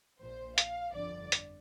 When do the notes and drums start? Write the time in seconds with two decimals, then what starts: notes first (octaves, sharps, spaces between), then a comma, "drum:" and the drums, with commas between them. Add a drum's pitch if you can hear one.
0.20 A#1 A#2 C5
0.58 F5, drum: hi-hat
0.94 G1 F2 D3 D5
1.32 drum: hi-hat